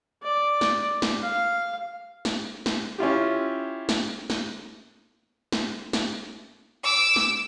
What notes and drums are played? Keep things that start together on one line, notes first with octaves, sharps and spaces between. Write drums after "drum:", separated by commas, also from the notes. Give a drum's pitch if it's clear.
D5
drum: snare
drum: snare
F5
drum: snare
drum: snare
C#4 E4 F4 G4
drum: snare
drum: snare
drum: snare
drum: snare
D6 E6
drum: snare